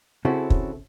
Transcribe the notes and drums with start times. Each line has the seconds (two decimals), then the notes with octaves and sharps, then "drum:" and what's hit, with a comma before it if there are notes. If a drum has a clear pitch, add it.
0.25 C#3 C4 C#4 E4 F#4 A4
0.50 drum: kick